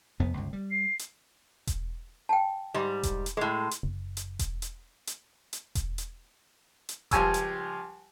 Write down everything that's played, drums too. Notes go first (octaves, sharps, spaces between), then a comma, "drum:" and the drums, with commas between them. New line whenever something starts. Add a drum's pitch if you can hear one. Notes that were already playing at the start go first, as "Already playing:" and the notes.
F1 F2 B3
G1 C#2
G3
C7
drum: hi-hat
drum: kick E1, hi-hat
G5 A5
G#2 G3
drum: kick E1, hi-hat
drum: hi-hat
A2 G#3 G#4
drum: hi-hat
F#1
drum: hi-hat
drum: kick E1, hi-hat
drum: hi-hat
drum: hi-hat
drum: hi-hat
drum: kick E1, hi-hat
drum: hi-hat
drum: hi-hat
C#2 F3 G3 G#5 C#6 E6, drum: kick E1, hi-hat
drum: hi-hat